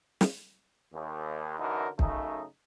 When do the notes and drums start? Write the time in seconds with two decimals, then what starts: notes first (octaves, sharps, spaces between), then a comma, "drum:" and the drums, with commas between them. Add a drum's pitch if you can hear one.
0.21 drum: snare
0.94 D#2
1.60 F#2 D3 E3 F#3 D#4 A#4
1.99 F#2 C#3 A3 D#4, drum: kick